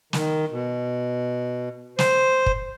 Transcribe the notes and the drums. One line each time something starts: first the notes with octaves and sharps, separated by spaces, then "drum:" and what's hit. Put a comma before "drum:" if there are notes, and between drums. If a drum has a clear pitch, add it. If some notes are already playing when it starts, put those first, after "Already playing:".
D#3, drum: snare
B2
C5, drum: snare
drum: kick